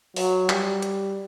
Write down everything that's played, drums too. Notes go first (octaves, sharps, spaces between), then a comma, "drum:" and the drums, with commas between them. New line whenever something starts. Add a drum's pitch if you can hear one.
F#3, drum: open hi-hat
G3, drum: clap
drum: hi-hat